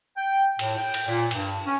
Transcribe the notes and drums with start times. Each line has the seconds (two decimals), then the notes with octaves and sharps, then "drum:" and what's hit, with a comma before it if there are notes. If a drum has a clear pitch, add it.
0.17 G5
0.59 A2, drum: cymbal
0.78 G5
0.94 drum: cymbal
1.06 A#2
1.31 G2, drum: cymbal
1.66 C#4